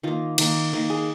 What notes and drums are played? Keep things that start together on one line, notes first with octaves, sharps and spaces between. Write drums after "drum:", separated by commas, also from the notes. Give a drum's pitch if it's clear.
D#3 A#3 F4
D#3 A#3, drum: cymbal
D#3 A#3
G#4